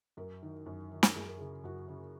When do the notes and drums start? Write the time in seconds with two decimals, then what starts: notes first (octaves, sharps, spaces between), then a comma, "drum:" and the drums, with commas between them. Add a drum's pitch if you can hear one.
0.17 F#2 A#4
0.43 D#3
0.66 F#2
0.92 D#3
1.03 drum: snare
1.15 F#2 G#4
1.26 A#4
1.38 C#3 G#4
1.64 F#2 F#4
1.88 C#3